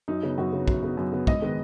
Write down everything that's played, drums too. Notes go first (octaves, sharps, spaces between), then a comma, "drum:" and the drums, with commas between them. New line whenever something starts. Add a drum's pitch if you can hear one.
F#2 D#4
C#3 B3
F#2 F#4
C#3 B3
F#2, drum: kick
C#3 B3
F#2
C#3 B3
G#2 D#5, drum: kick
D#3 G#3 B3